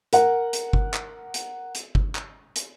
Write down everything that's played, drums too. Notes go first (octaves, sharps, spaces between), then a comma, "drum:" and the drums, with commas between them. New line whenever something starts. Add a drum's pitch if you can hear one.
A#4 F#5, drum: hi-hat
drum: hi-hat
drum: kick G1
drum: clap
drum: hi-hat
drum: hi-hat
drum: kick G1
drum: clap
drum: hi-hat